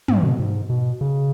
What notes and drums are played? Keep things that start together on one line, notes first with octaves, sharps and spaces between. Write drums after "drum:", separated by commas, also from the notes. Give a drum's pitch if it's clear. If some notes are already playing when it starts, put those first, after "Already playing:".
G#2, drum: tom
B2
G#2
B2
C#3